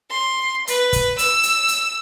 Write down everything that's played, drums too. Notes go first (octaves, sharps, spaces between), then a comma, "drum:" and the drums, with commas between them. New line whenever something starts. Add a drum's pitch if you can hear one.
C6
B4, drum: hi-hat
drum: kick, hi-hat
E6, drum: hi-hat
drum: hi-hat
drum: hi-hat